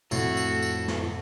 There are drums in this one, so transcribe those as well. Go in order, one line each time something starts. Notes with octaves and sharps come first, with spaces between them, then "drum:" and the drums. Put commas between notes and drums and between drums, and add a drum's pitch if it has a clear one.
F2 A2 F#4 A4, drum: tambourine
drum: tambourine
drum: tambourine
drum: snare